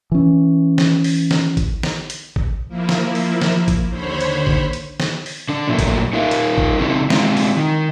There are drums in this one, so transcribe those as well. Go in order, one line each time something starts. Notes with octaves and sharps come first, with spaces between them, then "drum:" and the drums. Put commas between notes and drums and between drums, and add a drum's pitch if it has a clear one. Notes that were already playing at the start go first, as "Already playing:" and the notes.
E3 C#4
drum: snare
drum: open hi-hat
drum: snare
drum: kick G#1, hi-hat
drum: snare
drum: hi-hat
drum: kick G#1
F3 A#3 E4
drum: snare
drum: open hi-hat
drum: snare
drum: kick G#1, hi-hat
D#2 D3 C5 C#5 B5
drum: hi-hat
drum: kick G#1
drum: hi-hat
drum: snare
drum: open hi-hat
D3 D4
A#2 F#3 A3 A#3
drum: kick G#1, hi-hat
D#4 F4 A#4 E5 F5
drum: hi-hat
drum: kick G#1
C#3 C4 D#4 E4
G#3 C4 E4 F4, drum: snare
drum: open hi-hat
D#3